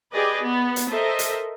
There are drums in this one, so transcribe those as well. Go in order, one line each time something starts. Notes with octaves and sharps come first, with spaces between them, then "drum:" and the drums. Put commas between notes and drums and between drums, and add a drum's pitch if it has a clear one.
G4 G#4 B4 D5 D#5
B3
drum: hi-hat
A4 A#4 C5 D#5 E5
drum: hi-hat